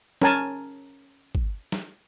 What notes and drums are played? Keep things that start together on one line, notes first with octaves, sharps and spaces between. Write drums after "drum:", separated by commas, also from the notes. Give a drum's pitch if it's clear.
C#4 A#4 G#5 A5, drum: snare
drum: kick
drum: snare